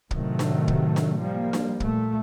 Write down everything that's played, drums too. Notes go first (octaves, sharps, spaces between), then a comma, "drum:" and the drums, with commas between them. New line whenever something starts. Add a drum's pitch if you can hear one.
A2 C3 D#3 F#3 A3, drum: kick
drum: snare D4
drum: kick
drum: snare D4
F3 G3 A#3
drum: snare D4
A#2 A3, drum: kick